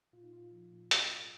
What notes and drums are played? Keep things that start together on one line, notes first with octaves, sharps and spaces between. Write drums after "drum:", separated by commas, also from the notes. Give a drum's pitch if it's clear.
A#2 F4
D#4
A#2 F4
F3
A#2
F#3, drum: hi-hat
G#2